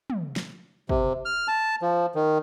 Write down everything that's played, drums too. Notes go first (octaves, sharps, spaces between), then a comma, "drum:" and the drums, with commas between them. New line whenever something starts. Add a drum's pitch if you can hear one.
drum: tom
drum: snare
C3, drum: kick
F6
A5
F3
D#3